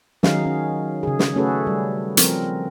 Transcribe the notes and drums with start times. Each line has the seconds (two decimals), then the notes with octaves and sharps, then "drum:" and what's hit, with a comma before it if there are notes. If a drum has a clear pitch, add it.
0.23 D#3 F#3 C#4 D#4 G#4 F5, drum: snare
0.46 C#4
1.03 C#3 G#4
1.19 drum: snare
1.36 A3 C#4 F#4 G#4 A4 B4
1.67 G3
2.17 F3 C4 A#4, drum: hi-hat